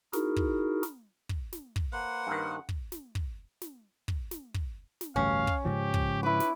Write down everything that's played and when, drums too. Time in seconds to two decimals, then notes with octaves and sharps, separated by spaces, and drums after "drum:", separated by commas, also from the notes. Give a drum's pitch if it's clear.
0.13 D#4 E4 F#4 G#4 A#4, drum: snare
0.36 drum: kick
0.83 drum: snare
1.29 drum: kick
1.53 drum: snare
1.76 drum: kick
1.93 A#3 B4 C5 F#5
2.27 G2 D#3
2.69 drum: kick
2.92 drum: snare
3.15 drum: kick
3.62 drum: snare
4.08 drum: kick
4.31 drum: snare
4.54 drum: kick
5.01 drum: snare
5.16 A1 D2 G2 C#4 F5
5.47 drum: kick
5.65 G#2 C#3 F3 G4
5.94 drum: kick
6.23 E4 B4 D6
6.40 drum: snare